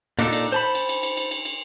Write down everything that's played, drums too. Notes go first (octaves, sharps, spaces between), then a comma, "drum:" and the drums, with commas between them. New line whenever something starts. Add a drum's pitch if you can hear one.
A#2 D4 D#4 A4, drum: cymbal
drum: cymbal
C5 A5 B5
drum: cymbal
drum: cymbal
drum: cymbal
drum: cymbal
drum: cymbal
drum: cymbal